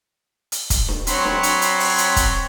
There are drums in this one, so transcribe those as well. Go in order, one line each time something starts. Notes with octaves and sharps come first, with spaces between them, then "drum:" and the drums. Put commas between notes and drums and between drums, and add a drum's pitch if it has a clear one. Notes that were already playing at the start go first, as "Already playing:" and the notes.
drum: hi-hat
drum: kick, hi-hat
drum: snare D4
F#3 C4 C#5 B5 C6, drum: hi-hat
drum: snare D4
drum: hi-hat
drum: hi-hat
drum: open hi-hat
drum: hi-hat
drum: kick, hi-hat